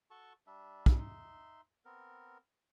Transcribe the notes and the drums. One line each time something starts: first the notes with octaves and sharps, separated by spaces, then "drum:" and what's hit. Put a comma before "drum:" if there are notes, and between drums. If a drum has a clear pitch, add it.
F#4 A4 A5 C#6
G3 D4 E5
drum: kick
D#4 E5 C6
B3 C4 A#4